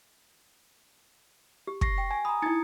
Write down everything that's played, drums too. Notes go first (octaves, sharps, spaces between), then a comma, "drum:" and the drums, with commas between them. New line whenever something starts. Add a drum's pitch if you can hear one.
G4
C#6 A#6 C7, drum: kick
G5
G#5
A#5 B5 D#6
D#4 E4 G#6 A6 C#7